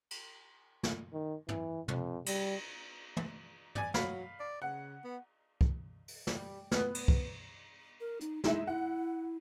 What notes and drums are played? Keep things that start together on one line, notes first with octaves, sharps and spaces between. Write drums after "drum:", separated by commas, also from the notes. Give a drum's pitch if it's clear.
drum: cymbal
drum: snare
D#3
E3, drum: tom
F2, drum: tom
G3, drum: cymbal
drum: tom
D5 G#5, drum: tom
F#3 F5 B5, drum: snare
D5
C#3 F#5
B3
drum: kick
drum: open hi-hat
G3, drum: snare
B3, drum: snare
drum: cymbal
drum: kick
A#4
D#4, drum: hi-hat
G#3 D#4 E4 E5, drum: snare
E4 F#5